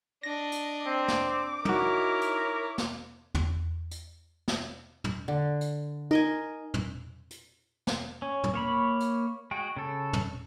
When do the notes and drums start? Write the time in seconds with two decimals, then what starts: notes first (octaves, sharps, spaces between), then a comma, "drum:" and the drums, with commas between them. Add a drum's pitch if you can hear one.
0.23 D4 D#5 A#6
0.52 drum: hi-hat
0.86 C4 D6
1.08 drum: snare
1.65 D#4 E4 F#4 A#4 C#5, drum: tom
2.21 drum: hi-hat
2.78 drum: snare
3.35 drum: tom
3.91 drum: hi-hat
4.48 drum: snare
5.04 drum: tom
5.28 D3
5.61 drum: hi-hat
6.11 D#4 A#4 D#5 G#5
6.74 drum: tom
7.30 drum: hi-hat
7.87 drum: snare
8.22 C#4
8.44 drum: tom
8.54 A#3 C#5 B5
9.00 drum: hi-hat
9.51 G#3 F#4 G5
9.77 C#3 A4
10.13 drum: tom